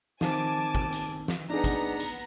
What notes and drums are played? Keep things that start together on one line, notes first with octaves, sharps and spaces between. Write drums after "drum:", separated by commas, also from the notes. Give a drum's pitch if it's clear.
D#3 C4 G#5 A5 D6, drum: snare
drum: kick
drum: hi-hat
drum: snare
B3 D4 D#4 G#4 A#5
drum: kick, hi-hat
drum: hi-hat